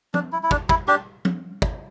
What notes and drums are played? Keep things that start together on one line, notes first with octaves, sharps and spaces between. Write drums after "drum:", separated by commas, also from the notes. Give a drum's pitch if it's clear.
D4, drum: tom
E4
E4
D4, drum: kick
E4, drum: kick
D4 G4, drum: rim click
drum: tom
drum: kick